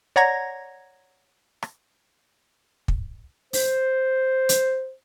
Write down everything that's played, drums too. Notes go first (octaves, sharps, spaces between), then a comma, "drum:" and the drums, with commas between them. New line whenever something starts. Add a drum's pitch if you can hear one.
C#5 D5 F#5 A#5 G#6 A#6
drum: rim click
drum: kick
C5, drum: open hi-hat
drum: hi-hat